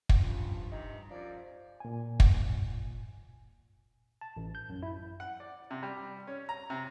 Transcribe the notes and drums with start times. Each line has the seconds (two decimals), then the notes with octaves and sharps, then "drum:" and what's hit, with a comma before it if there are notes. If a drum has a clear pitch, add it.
0.09 drum: kick
0.19 G2 F3 C#4
0.72 C3 D#4
1.11 F#2 F3 D5
1.80 A#2 G#5
2.20 drum: kick
4.21 A5
4.36 A1
4.55 G6
4.69 F#2
4.83 E4
5.20 F#5
5.40 D5
5.71 C3
5.83 G3
6.27 C#4
6.49 A#5
6.70 C3